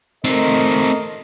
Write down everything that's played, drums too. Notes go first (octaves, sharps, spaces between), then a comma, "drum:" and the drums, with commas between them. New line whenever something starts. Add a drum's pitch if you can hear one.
A3 C4 D#4 A#4 D#5, drum: open hi-hat